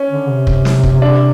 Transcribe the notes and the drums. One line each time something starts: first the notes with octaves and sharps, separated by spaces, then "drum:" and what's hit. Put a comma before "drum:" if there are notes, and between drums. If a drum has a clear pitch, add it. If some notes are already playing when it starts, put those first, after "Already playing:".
Already playing: C#4
D3
C3
drum: kick
drum: snare
drum: kick
D4